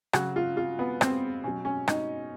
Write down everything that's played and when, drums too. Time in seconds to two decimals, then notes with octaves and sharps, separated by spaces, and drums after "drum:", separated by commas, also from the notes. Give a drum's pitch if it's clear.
0.13 C#3 F#3 F#4, drum: rim click
0.36 F4
0.57 F4
0.79 B3
1.01 C4, drum: rim click
1.44 B2 F#3 C#4
1.65 C#4
1.88 D#4, drum: rim click